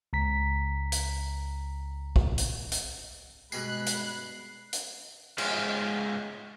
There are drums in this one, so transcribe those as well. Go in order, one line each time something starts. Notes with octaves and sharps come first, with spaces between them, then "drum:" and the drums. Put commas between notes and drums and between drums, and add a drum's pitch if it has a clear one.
C#2 A#5 B6
drum: hi-hat
drum: kick
drum: hi-hat
drum: hi-hat
G2 B2 G#3 G#4 B5 F#6 C7, drum: tambourine
drum: hi-hat
drum: hi-hat
G#2 G#3 F4 C5, drum: cymbal